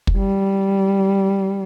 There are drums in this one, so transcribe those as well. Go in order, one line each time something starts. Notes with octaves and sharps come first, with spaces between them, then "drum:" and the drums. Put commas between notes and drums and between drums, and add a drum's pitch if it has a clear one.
drum: kick
G3